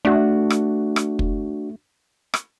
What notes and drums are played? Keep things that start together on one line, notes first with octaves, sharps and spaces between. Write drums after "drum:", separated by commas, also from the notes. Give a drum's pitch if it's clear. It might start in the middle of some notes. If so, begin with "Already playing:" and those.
A3 D4 F#4
drum: rim click
drum: rim click
drum: kick
drum: rim click